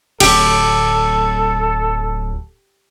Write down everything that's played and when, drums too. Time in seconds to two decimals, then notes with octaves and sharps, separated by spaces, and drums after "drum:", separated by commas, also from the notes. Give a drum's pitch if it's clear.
0.20 D1 F#3 G4 A4, drum: cymbal